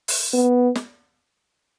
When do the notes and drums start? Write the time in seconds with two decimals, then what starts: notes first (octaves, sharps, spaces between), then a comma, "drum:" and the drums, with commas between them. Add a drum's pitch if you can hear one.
0.08 drum: open hi-hat
0.34 B3
0.75 drum: snare